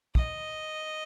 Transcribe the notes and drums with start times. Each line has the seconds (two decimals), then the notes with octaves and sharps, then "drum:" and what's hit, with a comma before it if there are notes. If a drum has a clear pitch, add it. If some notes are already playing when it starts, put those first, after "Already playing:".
0.15 D#5, drum: kick